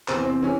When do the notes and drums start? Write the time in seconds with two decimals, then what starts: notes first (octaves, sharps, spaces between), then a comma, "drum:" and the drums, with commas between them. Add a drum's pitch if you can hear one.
0.08 E2 C3 E3 C4, drum: clap
0.26 C4
0.42 E3 C#4